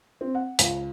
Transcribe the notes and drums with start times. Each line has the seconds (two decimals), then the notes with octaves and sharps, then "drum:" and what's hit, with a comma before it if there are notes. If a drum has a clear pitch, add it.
0.21 C4
0.35 F#5
0.59 C#2, drum: hi-hat